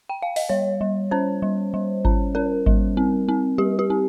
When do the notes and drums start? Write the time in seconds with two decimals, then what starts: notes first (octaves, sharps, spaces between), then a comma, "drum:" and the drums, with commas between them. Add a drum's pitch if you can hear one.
0.09 G5
0.22 F5
0.36 D#5, drum: open hi-hat
0.49 G3 C#5
0.81 G3
1.11 C#4 C5
1.42 G3
1.74 G3
2.05 C#4, drum: kick G#1
2.35 C#4 A#4
2.66 G3, drum: kick G#1
2.97 C4
3.29 C4
3.58 G3 G4
3.79 G4
3.90 C4